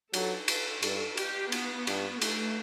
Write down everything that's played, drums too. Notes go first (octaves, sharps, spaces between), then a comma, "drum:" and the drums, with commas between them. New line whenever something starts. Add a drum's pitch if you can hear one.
F#3 A4, drum: cymbal
A4, drum: cymbal
G2 A4, drum: cymbal
G4, drum: cymbal
B3, drum: cymbal
G2, drum: cymbal
A3, drum: cymbal